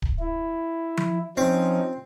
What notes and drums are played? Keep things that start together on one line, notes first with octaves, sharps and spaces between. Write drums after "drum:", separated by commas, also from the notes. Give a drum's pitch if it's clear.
drum: kick D1
E4
drum: tom F3
F3 C4 C#4 D#4